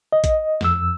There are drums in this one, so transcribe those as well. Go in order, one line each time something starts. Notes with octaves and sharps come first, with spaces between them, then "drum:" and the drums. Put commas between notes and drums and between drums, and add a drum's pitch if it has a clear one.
D#5
drum: kick, hi-hat
F2 E6, drum: snare